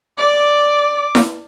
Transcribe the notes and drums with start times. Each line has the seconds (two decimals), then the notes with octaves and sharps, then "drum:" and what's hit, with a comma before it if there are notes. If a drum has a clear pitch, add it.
0.18 D5 D6
1.15 drum: snare E4